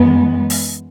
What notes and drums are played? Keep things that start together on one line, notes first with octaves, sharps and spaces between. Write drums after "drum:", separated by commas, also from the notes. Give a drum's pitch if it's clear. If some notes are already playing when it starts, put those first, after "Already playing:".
Already playing: F#2 E3 G#3 B3
drum: open hi-hat